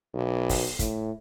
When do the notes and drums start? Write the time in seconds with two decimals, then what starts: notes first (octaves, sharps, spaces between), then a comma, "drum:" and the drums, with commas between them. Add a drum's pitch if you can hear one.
0.14 B1
0.49 drum: kick, open hi-hat
0.79 A2, drum: kick, hi-hat